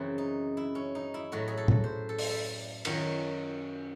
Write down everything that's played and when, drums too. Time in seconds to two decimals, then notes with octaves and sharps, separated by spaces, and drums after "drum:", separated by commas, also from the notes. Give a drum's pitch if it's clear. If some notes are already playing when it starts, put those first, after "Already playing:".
Already playing: F#2 C#3 E3 C4
0.18 D#4
0.57 E4
0.75 C#4
0.95 D#4
1.14 E4
1.32 A2 F#3 F#4
1.48 G#4
1.57 A4
1.68 drum: tom
1.84 C5
2.09 A4
2.19 C5, drum: open hi-hat
2.30 A4
2.85 F#2 D#3 F#3, drum: cymbal